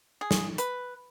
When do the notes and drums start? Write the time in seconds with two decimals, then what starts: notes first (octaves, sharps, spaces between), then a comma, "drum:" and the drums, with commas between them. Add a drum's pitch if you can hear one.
0.21 G#4
0.31 drum: snare
0.58 B4, drum: hi-hat